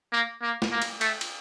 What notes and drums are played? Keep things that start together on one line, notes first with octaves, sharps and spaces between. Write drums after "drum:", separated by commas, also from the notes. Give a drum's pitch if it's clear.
A#3
A#3
drum: snare
A#3
drum: cymbal
A3, drum: cymbal
drum: cymbal